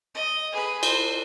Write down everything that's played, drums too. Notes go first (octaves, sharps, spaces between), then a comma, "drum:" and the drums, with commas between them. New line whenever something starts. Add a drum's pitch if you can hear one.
D#5
G#4 B4
C5, drum: cymbal